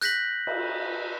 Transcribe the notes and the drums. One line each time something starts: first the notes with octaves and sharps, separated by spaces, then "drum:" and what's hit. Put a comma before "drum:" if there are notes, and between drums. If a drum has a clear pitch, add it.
F#6 G6 A#6 B6 F#7, drum: hi-hat
drum: cymbal